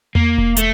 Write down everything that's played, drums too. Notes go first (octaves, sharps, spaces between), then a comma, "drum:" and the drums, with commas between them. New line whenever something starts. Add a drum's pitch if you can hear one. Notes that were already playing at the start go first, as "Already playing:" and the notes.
A#3, drum: tom E2
drum: kick E1
A3, drum: hi-hat